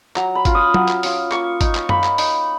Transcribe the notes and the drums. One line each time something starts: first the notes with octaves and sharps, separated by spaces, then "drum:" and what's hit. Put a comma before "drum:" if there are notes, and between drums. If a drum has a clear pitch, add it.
F#3 A#5, drum: clap
B5
C#4 F4, drum: kick G1, hi-hat
D#6
F#3, drum: tom
drum: clap
C#4 F4, drum: open hi-hat
A#3 C#6, drum: clap
D#4, drum: kick G1, hi-hat
drum: clap
A#3 B5, drum: tom F#2
drum: clap
D#4, drum: open hi-hat